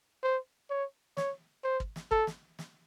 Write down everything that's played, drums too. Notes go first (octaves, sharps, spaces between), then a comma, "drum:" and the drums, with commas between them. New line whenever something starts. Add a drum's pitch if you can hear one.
C5
C#5
C#5, drum: snare
C5
drum: kick
drum: snare
A4, drum: kick
drum: snare
drum: snare